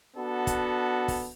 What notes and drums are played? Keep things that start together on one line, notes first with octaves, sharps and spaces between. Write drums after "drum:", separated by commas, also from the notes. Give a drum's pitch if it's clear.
B3 D4 F#4 A4
drum: kick, hi-hat
drum: kick, open hi-hat